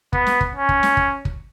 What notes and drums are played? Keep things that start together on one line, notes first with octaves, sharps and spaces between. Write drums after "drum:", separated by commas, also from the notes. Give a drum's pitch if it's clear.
B3, drum: kick
drum: snare
drum: kick
C#4
drum: kick
drum: snare
drum: kick
drum: kick